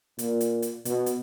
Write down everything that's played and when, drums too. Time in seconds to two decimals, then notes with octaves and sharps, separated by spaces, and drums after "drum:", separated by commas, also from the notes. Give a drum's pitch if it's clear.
0.19 A#2, drum: hi-hat
0.40 drum: hi-hat
0.62 drum: hi-hat
0.85 B2, drum: hi-hat
1.06 drum: hi-hat